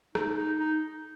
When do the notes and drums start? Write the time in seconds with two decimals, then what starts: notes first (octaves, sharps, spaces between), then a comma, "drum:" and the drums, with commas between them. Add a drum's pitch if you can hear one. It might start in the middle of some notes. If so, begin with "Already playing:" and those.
0.15 D#4, drum: rim click
0.37 D#4
0.59 D#4